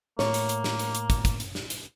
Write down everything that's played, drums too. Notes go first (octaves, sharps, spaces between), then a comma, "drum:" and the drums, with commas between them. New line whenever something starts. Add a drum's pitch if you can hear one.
A2 A3 A#3 C#5, drum: snare
drum: hi-hat
drum: hi-hat
drum: snare
drum: hi-hat
drum: hi-hat
drum: kick, hi-hat
drum: kick, hi-hat
drum: hi-hat
drum: snare
drum: hi-hat